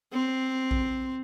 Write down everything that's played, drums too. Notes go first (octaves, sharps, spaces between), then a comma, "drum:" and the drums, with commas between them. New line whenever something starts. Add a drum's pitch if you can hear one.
C4
drum: kick A#1